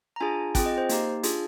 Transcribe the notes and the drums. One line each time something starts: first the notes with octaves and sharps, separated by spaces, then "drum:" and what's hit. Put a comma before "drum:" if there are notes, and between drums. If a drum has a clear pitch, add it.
A#5
D4 F4 G#4 G#5
C4 F4 G#4 G5, drum: kick, hi-hat
D#5
C5
A#3 D#4 G4, drum: hi-hat
D4 F4 G#4, drum: hi-hat